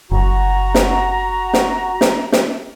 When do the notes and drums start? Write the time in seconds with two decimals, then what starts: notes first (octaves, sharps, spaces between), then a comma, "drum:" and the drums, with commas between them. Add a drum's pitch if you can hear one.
0.11 F#1 F#4 A#5
0.74 drum: snare
1.53 drum: snare
2.01 drum: snare
2.32 drum: snare